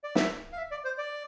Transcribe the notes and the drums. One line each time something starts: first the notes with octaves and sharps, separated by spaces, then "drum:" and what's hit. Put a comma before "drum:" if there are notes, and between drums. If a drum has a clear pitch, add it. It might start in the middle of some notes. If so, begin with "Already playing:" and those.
D5
E5, drum: snare
F5
E5
D5
C5
D5